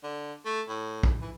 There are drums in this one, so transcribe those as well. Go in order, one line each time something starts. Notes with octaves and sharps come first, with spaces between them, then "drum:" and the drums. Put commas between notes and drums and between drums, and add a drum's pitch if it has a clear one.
D3
A3
A2
drum: kick
E3